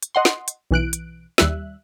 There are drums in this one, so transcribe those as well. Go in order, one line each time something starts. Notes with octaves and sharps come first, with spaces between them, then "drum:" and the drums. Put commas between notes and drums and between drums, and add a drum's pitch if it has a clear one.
drum: hi-hat
D#5 F#5 C6
drum: snare
drum: hi-hat
B1 E3 F#6 D7
drum: hi-hat
D#2 G3 E5 F#6, drum: snare